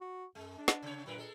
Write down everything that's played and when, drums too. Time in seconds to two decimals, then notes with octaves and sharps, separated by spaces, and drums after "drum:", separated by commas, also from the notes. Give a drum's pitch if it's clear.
0.01 F#4
0.35 F#2 G#3
0.58 D4
0.68 drum: snare
0.82 C3 C#5
1.06 F#2 A#2 A#4 B4
1.18 G#3 A4